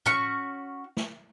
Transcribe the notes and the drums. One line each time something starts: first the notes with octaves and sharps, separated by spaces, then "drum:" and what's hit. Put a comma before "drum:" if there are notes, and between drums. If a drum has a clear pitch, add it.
C#4 F#4 C#6, drum: tom
drum: snare